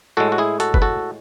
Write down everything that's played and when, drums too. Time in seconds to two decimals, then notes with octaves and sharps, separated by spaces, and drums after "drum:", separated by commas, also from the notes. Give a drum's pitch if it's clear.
0.17 A2 G#3 F#4 A4
0.32 F#4
0.38 E4 G#4
0.60 F#4 A4, drum: hi-hat
0.74 B4, drum: kick F#1
0.82 F#4 A4